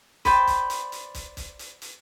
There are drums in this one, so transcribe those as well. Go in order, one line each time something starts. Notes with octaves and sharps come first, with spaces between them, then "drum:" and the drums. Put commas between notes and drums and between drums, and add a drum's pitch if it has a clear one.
B4 C5 D5 G5, drum: kick, hi-hat
drum: kick, hi-hat
drum: hi-hat
drum: hi-hat
drum: kick, hi-hat
drum: kick, hi-hat
drum: hi-hat
drum: hi-hat